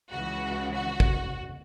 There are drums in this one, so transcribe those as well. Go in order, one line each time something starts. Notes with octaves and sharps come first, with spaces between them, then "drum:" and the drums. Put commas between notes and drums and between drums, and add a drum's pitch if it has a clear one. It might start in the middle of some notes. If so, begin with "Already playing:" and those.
C#2 C#3 E3 F#4
F#4
drum: kick